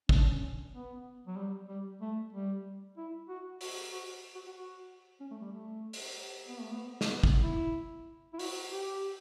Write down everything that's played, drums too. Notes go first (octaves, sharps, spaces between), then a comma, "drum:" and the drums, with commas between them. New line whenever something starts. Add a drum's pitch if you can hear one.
C#4, drum: kick
D4
C#4
B3
F#3
G3
G3
A3
G3
E4
F#4
F#4, drum: open hi-hat
F#4
F#4
F#4
F#4
C#4
A3
G3
A3
drum: open hi-hat
B3
A3
B3
drum: snare
B3
drum: kick
E4
E4
F#4, drum: open hi-hat
G4